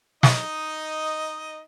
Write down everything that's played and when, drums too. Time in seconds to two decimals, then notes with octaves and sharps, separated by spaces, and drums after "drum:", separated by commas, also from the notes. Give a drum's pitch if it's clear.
0.23 D#4 D#5, drum: snare